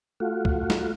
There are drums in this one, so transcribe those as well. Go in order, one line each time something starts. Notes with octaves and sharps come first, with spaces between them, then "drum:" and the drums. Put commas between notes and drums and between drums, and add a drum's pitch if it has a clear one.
A3 F4 F#4
drum: kick C#2
drum: snare